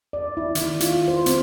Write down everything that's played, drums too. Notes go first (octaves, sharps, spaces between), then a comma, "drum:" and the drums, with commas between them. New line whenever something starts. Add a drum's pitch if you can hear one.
D5
E4
D#3, drum: hi-hat
F4, drum: hi-hat
C5
C4, drum: hi-hat